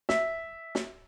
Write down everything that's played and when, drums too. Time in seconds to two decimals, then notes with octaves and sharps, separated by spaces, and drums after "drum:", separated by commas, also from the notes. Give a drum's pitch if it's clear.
0.09 E5, drum: snare
0.75 drum: snare